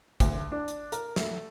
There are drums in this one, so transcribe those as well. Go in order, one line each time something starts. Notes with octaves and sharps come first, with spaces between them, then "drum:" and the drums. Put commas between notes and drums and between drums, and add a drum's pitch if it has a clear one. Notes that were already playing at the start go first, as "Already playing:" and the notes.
D2, drum: kick, hi-hat
D4
drum: hi-hat
A#4, drum: hi-hat
A3, drum: snare